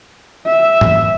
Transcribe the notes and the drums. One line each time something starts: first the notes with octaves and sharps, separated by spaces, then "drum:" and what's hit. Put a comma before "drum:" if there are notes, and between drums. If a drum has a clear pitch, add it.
E5
drum: tom G#2